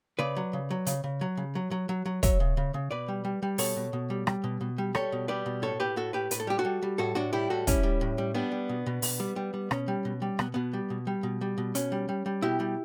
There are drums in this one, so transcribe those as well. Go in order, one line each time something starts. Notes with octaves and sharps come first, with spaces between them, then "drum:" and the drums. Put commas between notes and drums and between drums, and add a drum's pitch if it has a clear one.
C#3 B4 D5
F#3
C#3
F#3
C#3, drum: hi-hat
C#3
F#3
C#3
F#3
F#3
F#3
F#3
F#3 C#5 E5, drum: kick, hi-hat
C#3
C#3
C#3
B2 B4 D5
G3
G3
G3
B2 A4 C#5, drum: open hi-hat
B2
B2
G3
G3, drum: rim click
B2
B2
G3
G3 A4 C#5, drum: rim click
B2
G3 B4 D5
B2
A2 A4 C#5
A2 G4 B4
A2 F#4 A4
A2 G4 B4
A2 B4, drum: hi-hat
A4
G3 G4
F#4 A4
G3
G3
A2 F#4 A4
A2 D4 F#4
G3 E4 G4
A2 F#4 A4
G3 C#4 E4, drum: kick, hi-hat
G3
A2
G3
G3 B3 D4
G3
B2
B2
B2, drum: open hi-hat
G3
G3
G3
B2 C#4, drum: rim click
G3
B2
G3
B2 B3, drum: rim click
B2 B3
G3
B2
G3
B2
G3
B2
B2 C#4, drum: hi-hat
G3
G3
G3
B2 E4 G4
G3